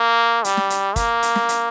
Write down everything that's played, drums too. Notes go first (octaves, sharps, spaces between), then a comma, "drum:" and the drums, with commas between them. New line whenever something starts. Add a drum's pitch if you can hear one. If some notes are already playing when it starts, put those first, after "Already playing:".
Already playing: A#3
G3, drum: hi-hat
drum: snare
drum: hi-hat
A#3, drum: kick, hi-hat
drum: hi-hat
drum: snare
drum: hi-hat